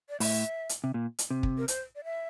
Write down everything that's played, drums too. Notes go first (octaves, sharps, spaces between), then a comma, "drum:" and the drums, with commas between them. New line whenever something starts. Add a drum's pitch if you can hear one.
D5
A2 E5, drum: open hi-hat
drum: hi-hat
C3
A#2
drum: hi-hat
C3
drum: kick
A#4
C5, drum: hi-hat
D5
E5